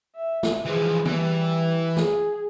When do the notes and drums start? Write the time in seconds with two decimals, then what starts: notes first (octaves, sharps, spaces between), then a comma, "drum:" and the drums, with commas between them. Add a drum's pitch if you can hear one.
0.16 E5
0.43 drum: snare
0.65 E3 F3 G#3
1.05 E3 G3, drum: tom C#3
1.97 G#4, drum: snare